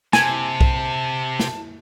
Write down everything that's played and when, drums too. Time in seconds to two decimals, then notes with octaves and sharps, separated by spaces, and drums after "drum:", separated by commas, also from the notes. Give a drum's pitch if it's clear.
0.13 C3 G#5 A5, drum: snare
0.61 drum: kick B1
1.39 drum: snare